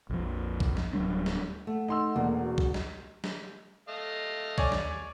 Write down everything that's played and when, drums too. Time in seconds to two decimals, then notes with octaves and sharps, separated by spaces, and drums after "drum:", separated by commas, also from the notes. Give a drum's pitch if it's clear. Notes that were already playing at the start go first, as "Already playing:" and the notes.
0.10 A#1 F2 F3
0.60 drum: kick B1
0.77 drum: snare
0.93 D1 F#3 G3 D4
1.26 drum: snare
1.67 A3 F#5
1.88 D#4 C6 E6
2.16 E1 E2 A#3
2.41 F#4
2.58 drum: kick B1
2.74 drum: snare
3.24 drum: snare
3.89 A3 D#5 F5
4.58 D#2 C#5 D5 G#5, drum: kick B1
4.72 drum: snare